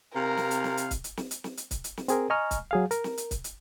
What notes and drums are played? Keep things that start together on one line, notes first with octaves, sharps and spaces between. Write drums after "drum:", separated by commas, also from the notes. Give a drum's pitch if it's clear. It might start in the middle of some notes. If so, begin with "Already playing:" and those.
C3 A#4 F5
drum: snare
drum: hi-hat
drum: snare
drum: hi-hat
drum: kick C#1, hi-hat
drum: hi-hat
drum: snare
drum: hi-hat
drum: snare
drum: hi-hat
drum: kick C#1, hi-hat
drum: hi-hat
drum: snare
C4 G#4 A#4, drum: hi-hat
D#5 G#5 A#5 C#6 F6
drum: kick C#1, hi-hat
F#3 G#4 F5
A#4, drum: hi-hat
drum: snare
drum: hi-hat
drum: kick C#1, hi-hat
drum: hi-hat